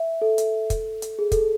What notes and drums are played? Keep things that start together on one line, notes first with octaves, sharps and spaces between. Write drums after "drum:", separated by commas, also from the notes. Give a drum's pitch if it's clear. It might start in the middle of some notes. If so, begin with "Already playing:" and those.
Already playing: E5
A4
drum: hi-hat
drum: kick, hi-hat
drum: hi-hat
G#4
A4, drum: kick, hi-hat